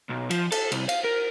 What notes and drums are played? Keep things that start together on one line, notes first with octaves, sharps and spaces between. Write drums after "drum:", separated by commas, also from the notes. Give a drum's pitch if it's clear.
B1
F3, drum: cymbal
A4, drum: cymbal
C2, drum: cymbal
F5, drum: cymbal
A#4